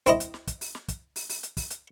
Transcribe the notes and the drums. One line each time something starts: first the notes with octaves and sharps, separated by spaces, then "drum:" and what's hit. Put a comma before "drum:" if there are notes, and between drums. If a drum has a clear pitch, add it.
C4 E4 D#5, drum: hi-hat
drum: hi-hat
drum: snare
drum: kick, hi-hat
drum: open hi-hat
drum: snare
drum: kick, hi-hat
drum: open hi-hat
drum: open hi-hat
drum: hi-hat
drum: kick, open hi-hat
drum: hi-hat